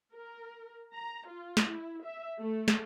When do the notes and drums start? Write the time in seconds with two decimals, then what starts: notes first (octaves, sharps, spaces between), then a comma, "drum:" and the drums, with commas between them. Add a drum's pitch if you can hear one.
0.12 A#4
0.94 A#5
1.28 F4
1.57 drum: snare
1.67 E4
2.04 E5
2.40 A3
2.68 drum: snare